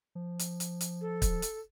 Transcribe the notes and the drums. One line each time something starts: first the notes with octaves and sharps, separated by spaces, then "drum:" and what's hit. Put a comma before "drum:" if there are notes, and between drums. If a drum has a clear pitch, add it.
F3
drum: hi-hat
drum: hi-hat
drum: hi-hat
A4
drum: kick, hi-hat
drum: hi-hat